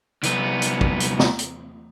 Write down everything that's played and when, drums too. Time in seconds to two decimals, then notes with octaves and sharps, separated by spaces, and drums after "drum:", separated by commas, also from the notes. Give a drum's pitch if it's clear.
0.23 C2 B3, drum: hi-hat
0.62 drum: hi-hat
0.81 drum: kick
1.00 drum: hi-hat
1.19 drum: snare
1.39 drum: hi-hat